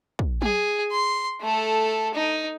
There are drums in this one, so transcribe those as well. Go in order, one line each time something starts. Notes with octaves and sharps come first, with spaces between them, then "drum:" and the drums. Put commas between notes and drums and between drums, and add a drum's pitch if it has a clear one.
drum: kick
G#4, drum: tom F#3
C6
A3 A4
D#4